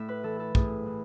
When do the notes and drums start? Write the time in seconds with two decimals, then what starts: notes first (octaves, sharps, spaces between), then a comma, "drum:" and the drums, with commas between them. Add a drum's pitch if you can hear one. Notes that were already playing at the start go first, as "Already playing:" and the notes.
Already playing: A2 E5
0.09 B4
0.23 E3 A4
0.39 A4
0.55 A2 G#4, drum: kick A#1
0.86 E3